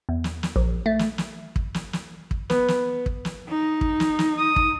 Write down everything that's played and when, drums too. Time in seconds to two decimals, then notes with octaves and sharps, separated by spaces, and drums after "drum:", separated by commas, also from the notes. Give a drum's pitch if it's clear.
0.09 E2
0.24 drum: snare
0.43 drum: snare
0.56 A#1
0.86 A3
0.99 drum: snare
1.18 drum: snare
1.56 drum: kick
1.74 drum: snare
1.93 drum: snare
2.31 drum: kick
2.50 B3, drum: snare
2.68 drum: snare
3.06 drum: kick
3.25 drum: snare
3.48 D#4
3.81 drum: kick
4.00 drum: snare
4.19 drum: snare
4.38 D#6
4.56 drum: kick